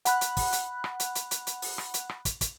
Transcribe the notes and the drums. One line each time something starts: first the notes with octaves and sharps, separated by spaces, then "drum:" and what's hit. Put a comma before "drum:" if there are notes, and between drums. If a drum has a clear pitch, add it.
F#5 B5 F#6, drum: hi-hat
drum: hi-hat
drum: kick, open hi-hat
drum: hi-hat
drum: rim click
drum: hi-hat
drum: hi-hat
drum: hi-hat
drum: hi-hat
drum: open hi-hat
drum: rim click
drum: hi-hat
drum: rim click
drum: kick, hi-hat
drum: kick, hi-hat